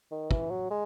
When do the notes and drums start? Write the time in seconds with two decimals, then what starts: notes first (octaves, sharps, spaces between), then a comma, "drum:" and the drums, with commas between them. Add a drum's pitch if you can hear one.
0.11 D#3
0.31 E3, drum: kick
0.50 F#3
0.70 G#3